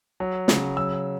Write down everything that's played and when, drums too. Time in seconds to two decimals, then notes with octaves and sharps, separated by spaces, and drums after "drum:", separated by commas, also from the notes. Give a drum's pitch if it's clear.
0.20 F#3
0.48 C#3, drum: snare
0.77 F#3 E6